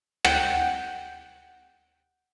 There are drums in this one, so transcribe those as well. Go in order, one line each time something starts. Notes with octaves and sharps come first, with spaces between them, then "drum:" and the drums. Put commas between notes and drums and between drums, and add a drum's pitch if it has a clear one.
F#5 G5, drum: rim click